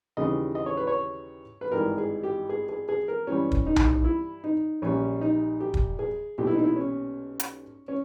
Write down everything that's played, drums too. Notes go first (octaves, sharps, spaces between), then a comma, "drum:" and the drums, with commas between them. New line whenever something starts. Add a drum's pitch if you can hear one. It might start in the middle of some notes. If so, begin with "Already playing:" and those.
D#2 C#3 E3 G3 D#5
D#5
C#5
B4
C#5
B4
G#1 G2 E3 A#4
G#4
G4
G#4
G#4
G#4
A#4
G2 E3 G3 C#4
drum: kick
D#4
drum: tom B1
E4
D#4
A#1 A#2 G3 C#4
D#4
G4
drum: kick
G#4
B1 A#2 G3 G4
E4
D#4
E4
C#4
drum: hi-hat
C#4